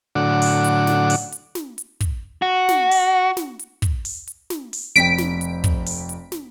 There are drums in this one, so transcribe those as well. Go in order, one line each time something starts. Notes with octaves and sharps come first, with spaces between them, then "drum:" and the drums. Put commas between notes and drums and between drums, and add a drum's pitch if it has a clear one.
A2 D3 F#3 D4 F#5 D6
drum: open hi-hat
drum: hi-hat
drum: snare
drum: open hi-hat
drum: hi-hat
drum: snare
drum: hi-hat
drum: kick, hi-hat
F#4
drum: snare
drum: open hi-hat
drum: snare
drum: hi-hat
drum: kick, hi-hat
drum: open hi-hat
drum: hi-hat
drum: snare
drum: open hi-hat
F1 F2 G5 B6 D7, drum: hi-hat
drum: snare
drum: hi-hat
drum: kick, hi-hat
drum: open hi-hat
drum: hi-hat
drum: snare